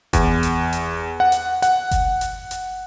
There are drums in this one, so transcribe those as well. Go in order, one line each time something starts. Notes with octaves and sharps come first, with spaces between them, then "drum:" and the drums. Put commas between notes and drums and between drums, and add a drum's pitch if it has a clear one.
E2, drum: kick F#1, hi-hat
drum: hi-hat
drum: hi-hat
F#5
drum: hi-hat
F#5, drum: hi-hat
drum: kick F#1, hi-hat
drum: hi-hat
drum: hi-hat